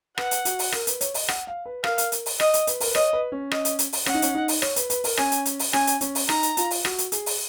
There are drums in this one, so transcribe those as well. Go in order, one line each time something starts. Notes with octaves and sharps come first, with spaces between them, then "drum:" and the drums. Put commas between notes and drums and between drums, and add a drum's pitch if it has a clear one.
B4 F#5, drum: rim click
drum: hi-hat
F#4, drum: hi-hat
drum: open hi-hat
A#4, drum: rim click
B4, drum: hi-hat
C#5, drum: hi-hat
D#5, drum: open hi-hat
F#5, drum: rim click
F5
B4
A#4 F5, drum: rim click
drum: hi-hat
drum: hi-hat
drum: open hi-hat
D#5, drum: rim click
drum: hi-hat
B4, drum: hi-hat
A#4, drum: open hi-hat
B4
C#5 D#5, drum: rim click
B4
C#4
D#5, drum: rim click
drum: hi-hat
drum: hi-hat
drum: open hi-hat
C#4 F#5, drum: rim click
D#4
C#4, drum: hi-hat
D#4
drum: open hi-hat
C#5, drum: rim click
B4, drum: hi-hat
B4, drum: hi-hat
A#4, drum: open hi-hat
C#4 G#5, drum: rim click
drum: hi-hat
drum: hi-hat
drum: open hi-hat
C#4 G#5, drum: rim click
drum: hi-hat
C#4, drum: hi-hat
drum: open hi-hat
D#4 A#5, drum: rim click
drum: hi-hat
F4, drum: hi-hat
drum: open hi-hat
F#4, drum: rim click
drum: hi-hat
G#4, drum: hi-hat
drum: open hi-hat